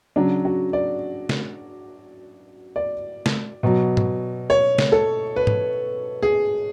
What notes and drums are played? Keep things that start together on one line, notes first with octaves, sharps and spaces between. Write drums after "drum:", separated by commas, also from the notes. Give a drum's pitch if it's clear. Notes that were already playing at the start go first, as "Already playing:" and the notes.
C#3 F#3 D4
F#4
D5
drum: snare
D5
drum: snare
B2 F#3
drum: tom G#2
C#5
drum: snare
A4
B4
drum: tom G#2
G#4